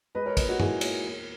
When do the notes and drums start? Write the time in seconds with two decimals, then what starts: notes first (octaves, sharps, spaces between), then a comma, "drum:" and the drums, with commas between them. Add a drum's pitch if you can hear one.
0.15 G#3 B4 D#5
0.26 A#4 C#5
0.37 A#2 B4 D#5, drum: kick, cymbal
0.48 D#4 F#4
0.60 G#3 E4 G#4, drum: tom G2
0.81 A#2 A#4 C#5, drum: cymbal
1.04 E2